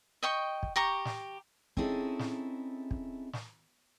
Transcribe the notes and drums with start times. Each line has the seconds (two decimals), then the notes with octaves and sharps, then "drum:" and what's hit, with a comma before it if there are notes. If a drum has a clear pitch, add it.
0.23 D#5 G5 C#6
0.63 drum: kick
0.76 G4 A#5 C#6
1.05 drum: snare
1.77 C4 C#4 D#4 E4 G#4 A4, drum: kick
2.19 drum: snare
2.91 drum: kick
3.33 drum: snare